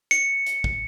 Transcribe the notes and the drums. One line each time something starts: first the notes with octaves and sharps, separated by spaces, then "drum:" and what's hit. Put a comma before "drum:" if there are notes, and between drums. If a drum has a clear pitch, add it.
C#7, drum: hi-hat
drum: hi-hat
drum: kick G#1